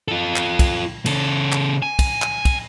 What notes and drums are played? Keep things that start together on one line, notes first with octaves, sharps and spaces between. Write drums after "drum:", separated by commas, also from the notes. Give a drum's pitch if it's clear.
F4 A4
drum: clap
drum: kick, cymbal
C#3 A4, drum: cymbal
drum: clap
G#5
drum: kick, cymbal
drum: clap
drum: kick, cymbal